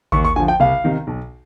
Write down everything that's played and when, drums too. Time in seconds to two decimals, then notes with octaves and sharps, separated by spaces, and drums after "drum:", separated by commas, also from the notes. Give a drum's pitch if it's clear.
0.12 D#2 C#6, drum: kick A1
0.25 C#6
0.36 D3 F3 G#5
0.48 G5
0.60 C2 F5
0.84 C3 D#3
1.07 B1